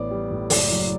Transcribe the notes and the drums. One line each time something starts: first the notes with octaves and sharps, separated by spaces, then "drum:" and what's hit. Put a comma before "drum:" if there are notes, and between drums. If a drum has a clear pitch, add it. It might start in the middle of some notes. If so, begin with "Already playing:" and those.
Already playing: A1 B3 D5
G3
A2
F#1 D5, drum: open hi-hat
F#3